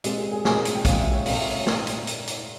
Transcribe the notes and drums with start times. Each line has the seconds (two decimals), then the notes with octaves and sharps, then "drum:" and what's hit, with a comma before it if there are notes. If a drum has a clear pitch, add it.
0.04 A#2 G#3 C4 G4, drum: hi-hat
0.18 G#4
0.32 G#4
0.45 A#2 G#3 C4 G#4, drum: snare
0.55 A#4
0.65 drum: hi-hat
0.75 G5
0.85 A#2 G#3 C4 F5, drum: kick, hi-hat
1.00 E5
1.13 C#5
1.26 A#2 G#3 C4 F5, drum: open hi-hat
1.37 E5
1.50 C#5
1.67 drum: snare
1.87 drum: hi-hat
2.07 drum: hi-hat
2.27 drum: hi-hat